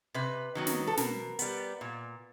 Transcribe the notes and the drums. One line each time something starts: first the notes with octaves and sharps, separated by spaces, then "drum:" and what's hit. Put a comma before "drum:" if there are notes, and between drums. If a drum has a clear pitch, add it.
C3 B4
D#3 F#3 B3
drum: snare
A4
B2 A#4, drum: snare
G3 B3, drum: hi-hat
A#2